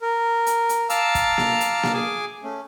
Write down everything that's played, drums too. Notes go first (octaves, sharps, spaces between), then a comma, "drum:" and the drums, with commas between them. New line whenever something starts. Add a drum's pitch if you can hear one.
A#4
drum: hi-hat
drum: hi-hat
F5 A5 A#5 D6 E6 F6, drum: hi-hat
drum: kick, hi-hat
drum: snare A#3
drum: hi-hat
drum: snare A#3
G#4 G#5 D6
A3 C#4